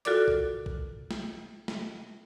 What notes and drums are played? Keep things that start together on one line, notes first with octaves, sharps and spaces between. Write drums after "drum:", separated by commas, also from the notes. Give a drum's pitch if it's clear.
F4 F#4 A4 A#4 D5 D6, drum: hi-hat
drum: kick A#1
drum: kick A#1
drum: snare
drum: snare